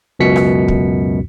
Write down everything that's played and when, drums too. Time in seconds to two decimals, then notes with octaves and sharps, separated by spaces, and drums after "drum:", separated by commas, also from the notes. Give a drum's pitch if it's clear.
0.19 C#2 F#2 B2 B6 C#7
0.36 drum: rim click
0.68 drum: kick